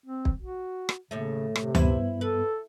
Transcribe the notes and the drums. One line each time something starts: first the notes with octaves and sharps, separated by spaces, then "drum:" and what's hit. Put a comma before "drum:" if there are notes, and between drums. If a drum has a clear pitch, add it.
C4
drum: kick
F#4
drum: rim click
D#2 A2 C#3 A3
C3, drum: rim click
G2 B3 E4 B4 C5, drum: tom D2
A4 B4